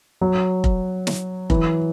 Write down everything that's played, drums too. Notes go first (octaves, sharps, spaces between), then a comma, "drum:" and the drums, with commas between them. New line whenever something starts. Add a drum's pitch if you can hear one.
F#3
drum: kick F1
drum: snare
E3, drum: kick F1